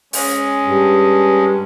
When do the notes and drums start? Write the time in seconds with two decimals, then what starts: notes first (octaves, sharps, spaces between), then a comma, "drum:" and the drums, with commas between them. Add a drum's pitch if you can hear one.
0.13 G#3 C#4, drum: open hi-hat
0.65 G2